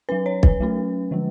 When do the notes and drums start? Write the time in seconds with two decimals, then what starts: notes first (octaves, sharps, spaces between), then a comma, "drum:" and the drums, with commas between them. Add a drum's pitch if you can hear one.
0.09 F#3 C#4 B4
0.26 C#5
0.43 B4, drum: kick
0.60 F#3 A3 C#4
1.11 D3 F3 G#3